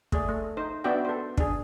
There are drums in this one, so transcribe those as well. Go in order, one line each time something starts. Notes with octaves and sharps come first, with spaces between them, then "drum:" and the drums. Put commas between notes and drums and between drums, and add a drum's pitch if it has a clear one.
A3 G#4 D5, drum: kick
A3
D#4 C5
B3 D4 F#4 D5 E5 G5
A4 C5
D4 G#4, drum: kick